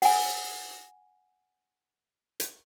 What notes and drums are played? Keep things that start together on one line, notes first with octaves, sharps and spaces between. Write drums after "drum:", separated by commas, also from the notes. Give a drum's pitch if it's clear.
F#5 G#5, drum: open hi-hat
drum: hi-hat